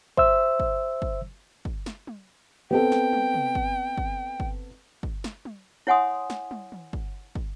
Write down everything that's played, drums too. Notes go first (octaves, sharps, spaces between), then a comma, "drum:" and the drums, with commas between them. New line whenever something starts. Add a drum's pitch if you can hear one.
C5 E5 E6, drum: kick
drum: kick
drum: kick
drum: kick
drum: snare
drum: tom
B3 C4 A4 G5
drum: snare
drum: tom
drum: tom
drum: kick
drum: kick
drum: kick
drum: kick
drum: snare
drum: tom
E4 C#5 F#5 G#5 C6 D#6
drum: snare
drum: tom
drum: tom
drum: kick
drum: kick